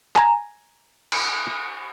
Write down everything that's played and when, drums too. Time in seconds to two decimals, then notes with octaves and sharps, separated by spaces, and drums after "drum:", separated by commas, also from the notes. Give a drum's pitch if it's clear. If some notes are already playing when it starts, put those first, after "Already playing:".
0.16 G#5 A#5, drum: clap
1.12 drum: cymbal